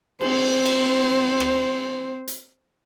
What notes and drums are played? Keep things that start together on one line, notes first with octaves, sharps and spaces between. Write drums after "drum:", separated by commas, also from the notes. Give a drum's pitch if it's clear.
C4 C5, drum: cymbal
drum: cymbal
drum: rim click
drum: hi-hat